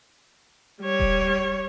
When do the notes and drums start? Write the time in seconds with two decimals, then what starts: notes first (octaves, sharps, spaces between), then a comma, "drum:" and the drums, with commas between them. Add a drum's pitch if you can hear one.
0.82 G3 C#5
1.00 drum: kick D#1